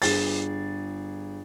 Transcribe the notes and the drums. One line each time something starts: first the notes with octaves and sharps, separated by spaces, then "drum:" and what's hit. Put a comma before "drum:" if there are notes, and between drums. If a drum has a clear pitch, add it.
G1 G#4 A6, drum: open hi-hat